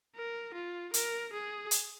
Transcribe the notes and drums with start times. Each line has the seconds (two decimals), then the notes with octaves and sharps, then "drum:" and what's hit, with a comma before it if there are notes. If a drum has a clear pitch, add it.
0.16 A#4
0.54 F4
0.94 A#4, drum: hi-hat
1.33 G#4
1.71 drum: hi-hat